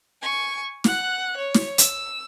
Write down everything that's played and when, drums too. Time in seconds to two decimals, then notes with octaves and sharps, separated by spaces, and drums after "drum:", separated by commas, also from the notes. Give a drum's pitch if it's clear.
0.22 G#5 C#6
0.84 F#5 F#6, drum: snare
1.37 C#5
1.55 drum: snare
1.78 E6, drum: hi-hat